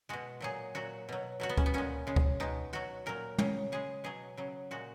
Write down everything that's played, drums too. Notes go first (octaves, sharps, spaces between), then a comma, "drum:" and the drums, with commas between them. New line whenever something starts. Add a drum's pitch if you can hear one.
B2 G#3 F#4
A#2 F#3 G#4
A#2 F#3 F#4
B2 F#3
B2 F#3 F#4
B3
C#4, drum: kick C#2
B3
A#2 G#3 C#4
C#3 G#3
drum: kick C#2
B2 G#3 D#4
B2 F#3 F#4
A#2 F#3 A#4
C#3 F#3, drum: tom
C#3 G#3 G#4
B2 F#3 G#4
C#3 F#3
A#2 G#3 F#4